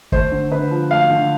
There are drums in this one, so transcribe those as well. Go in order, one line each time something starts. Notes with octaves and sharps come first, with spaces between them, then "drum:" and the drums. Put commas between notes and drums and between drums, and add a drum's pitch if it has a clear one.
A3 C5, drum: kick
D3
D3 B4
F3
A3 F5
D3